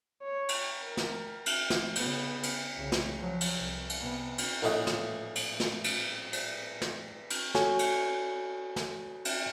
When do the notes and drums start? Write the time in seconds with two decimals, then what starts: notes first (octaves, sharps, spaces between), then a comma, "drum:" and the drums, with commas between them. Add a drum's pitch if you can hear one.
0.22 C#5
0.49 drum: cymbal
0.85 A#4
0.97 drum: snare
1.46 drum: cymbal
1.70 drum: snare
1.96 C#3 B3, drum: cymbal
2.43 drum: cymbal
2.76 C2 C#3
2.92 drum: snare
3.17 F3 F#3
3.41 drum: cymbal
3.58 C2
3.89 drum: cymbal
3.99 C3 B3
4.38 drum: cymbal
4.62 A#1 A2 A3 E4 D#5 F#5
4.87 drum: snare
5.35 drum: cymbal
5.60 drum: snare
5.84 drum: cymbal
6.33 drum: cymbal
6.82 drum: snare
7.30 drum: cymbal
7.55 F#4 A4 C#5 G#5, drum: snare
7.79 drum: cymbal
8.76 drum: snare
9.25 drum: cymbal